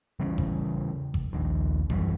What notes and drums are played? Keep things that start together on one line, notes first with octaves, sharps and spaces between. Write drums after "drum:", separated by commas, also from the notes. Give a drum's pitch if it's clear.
C#3 E3 G3 C#4
drum: kick G#1
drum: kick G#1
A#1 D#2 D#3
F#2 E3 G3, drum: kick G#1